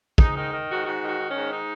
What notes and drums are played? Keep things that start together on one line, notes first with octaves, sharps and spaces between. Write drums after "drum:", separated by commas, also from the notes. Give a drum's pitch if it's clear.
G#2 D#4, drum: kick
D#3 D#4
D#3
G#2 F#4
G#2 F#4
D#3
F#4
D#3
C#4
G#2
D#4